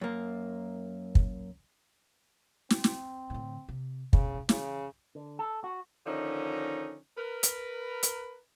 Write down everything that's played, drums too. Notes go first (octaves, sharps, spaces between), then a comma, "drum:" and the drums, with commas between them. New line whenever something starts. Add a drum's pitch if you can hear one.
F#2 A#3
drum: kick
C4, drum: snare
drum: snare
A2 D3
C3
E1 C#3, drum: kick
C#3 E3, drum: snare
D3
A4
F#4
D3 D#3 F3 C#4 D#4
A#4 B4
drum: hi-hat
drum: hi-hat